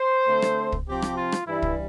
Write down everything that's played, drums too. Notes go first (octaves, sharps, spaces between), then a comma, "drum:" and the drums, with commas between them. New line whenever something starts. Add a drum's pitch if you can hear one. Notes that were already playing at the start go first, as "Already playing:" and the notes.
Already playing: C5
D3 A3 C4
drum: rim click
drum: kick
C3 F3 C4 G4
drum: rim click
F4
drum: rim click
G2 E3 G3 E4
drum: kick